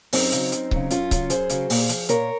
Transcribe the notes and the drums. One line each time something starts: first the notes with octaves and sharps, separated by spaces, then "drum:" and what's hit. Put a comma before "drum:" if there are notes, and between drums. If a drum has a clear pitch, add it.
F#2 C4 D#4, drum: open hi-hat
C#3 F#3, drum: hi-hat
F#2, drum: hi-hat
C#3 F#3, drum: kick C#1
F#2 C#4 F4, drum: hi-hat
C#3 F#3, drum: kick C#1, hi-hat
F#2 G#4 C5, drum: hi-hat
C#3 F#3, drum: hi-hat
A#2, drum: open hi-hat
F3, drum: hi-hat
A#2 A#4 C#5, drum: hi-hat